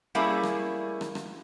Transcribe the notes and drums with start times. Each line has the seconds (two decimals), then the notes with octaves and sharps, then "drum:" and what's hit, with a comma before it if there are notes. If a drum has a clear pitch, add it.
0.15 G3 A3 A#3 C#4 E4 G#4
0.43 drum: rim click
1.01 drum: rim click
1.15 drum: rim click